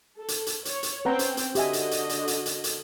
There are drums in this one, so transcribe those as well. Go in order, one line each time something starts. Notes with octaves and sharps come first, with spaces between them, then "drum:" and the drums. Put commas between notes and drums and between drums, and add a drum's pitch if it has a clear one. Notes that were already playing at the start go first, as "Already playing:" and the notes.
A4
drum: hi-hat
drum: hi-hat
C#5, drum: hi-hat
drum: hi-hat
C4 C#4 B4 F#5 G5 A#5
drum: hi-hat
drum: hi-hat
D3 F#4 G4 D#5 E5 G#5, drum: hi-hat
drum: hi-hat
drum: hi-hat
drum: hi-hat
drum: hi-hat
drum: hi-hat
drum: hi-hat